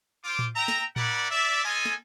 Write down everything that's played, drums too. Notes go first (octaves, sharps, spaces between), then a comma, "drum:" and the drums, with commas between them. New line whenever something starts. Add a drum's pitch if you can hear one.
F4 C5 D6
drum: tom A2
E5 G5 A#5
drum: snare
G3 E4 A#4 D5 F#5, drum: tom A2
D5 E5
F4 A4 D#5 G#5
drum: snare